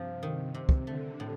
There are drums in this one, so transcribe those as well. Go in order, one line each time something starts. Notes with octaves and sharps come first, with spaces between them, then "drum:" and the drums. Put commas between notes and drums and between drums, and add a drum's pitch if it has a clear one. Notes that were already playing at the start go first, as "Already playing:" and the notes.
Already playing: G2 C3 F3
D#3
C3
drum: kick
D3 A3
A2